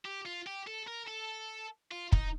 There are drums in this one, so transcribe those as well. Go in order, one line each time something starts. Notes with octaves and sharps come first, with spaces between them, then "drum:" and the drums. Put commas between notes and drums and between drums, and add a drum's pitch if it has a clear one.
G4
F4
G4
A4
A#4
A4
F4
D#4, drum: kick